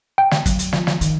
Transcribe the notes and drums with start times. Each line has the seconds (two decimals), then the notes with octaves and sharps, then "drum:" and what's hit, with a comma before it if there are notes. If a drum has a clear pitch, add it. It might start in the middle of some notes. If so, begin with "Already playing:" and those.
0.18 G5
0.31 drum: snare
0.46 F#3, drum: kick, hi-hat
0.59 drum: hi-hat
0.73 F3, drum: snare
0.87 drum: snare
1.01 D#3, drum: hi-hat